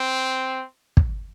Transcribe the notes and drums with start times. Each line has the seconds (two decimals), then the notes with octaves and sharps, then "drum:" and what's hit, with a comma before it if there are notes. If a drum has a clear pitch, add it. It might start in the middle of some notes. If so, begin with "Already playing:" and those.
Already playing: C4
0.97 drum: kick